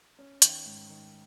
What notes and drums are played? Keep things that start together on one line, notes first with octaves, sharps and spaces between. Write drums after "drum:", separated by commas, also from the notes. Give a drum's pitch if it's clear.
C#4
D#3, drum: hi-hat
G#2
D#3